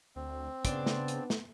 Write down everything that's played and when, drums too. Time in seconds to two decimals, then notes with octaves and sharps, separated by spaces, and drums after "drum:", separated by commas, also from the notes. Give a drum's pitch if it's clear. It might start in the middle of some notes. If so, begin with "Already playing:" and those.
0.16 D2 C4
0.65 C#3 B3 D4 C6, drum: kick, hi-hat
0.86 drum: snare
1.08 drum: hi-hat
1.30 drum: snare